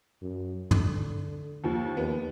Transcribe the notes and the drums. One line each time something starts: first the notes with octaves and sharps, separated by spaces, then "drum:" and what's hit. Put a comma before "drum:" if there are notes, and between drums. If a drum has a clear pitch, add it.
F#2
D3, drum: tom
D#2 F3
D#2 B3